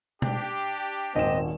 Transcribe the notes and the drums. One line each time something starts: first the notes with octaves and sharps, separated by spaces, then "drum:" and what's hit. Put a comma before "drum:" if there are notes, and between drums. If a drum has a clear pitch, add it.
D4 G4, drum: tom B2
D#1 G#1 C4 D#5 E7